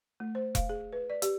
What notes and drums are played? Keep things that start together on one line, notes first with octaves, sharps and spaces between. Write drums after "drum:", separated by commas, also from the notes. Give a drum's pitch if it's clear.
A3
C5
F5, drum: kick E1, hi-hat
G#4
B4
D5
G4, drum: hi-hat